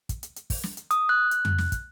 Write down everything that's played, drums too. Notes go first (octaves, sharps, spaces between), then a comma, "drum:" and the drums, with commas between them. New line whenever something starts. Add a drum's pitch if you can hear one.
drum: kick, hi-hat
drum: hi-hat
drum: hi-hat
drum: kick, open hi-hat
drum: snare
drum: hi-hat
D#6, drum: hi-hat
F#6
drum: hi-hat
drum: tom F2
drum: snare
drum: kick, hi-hat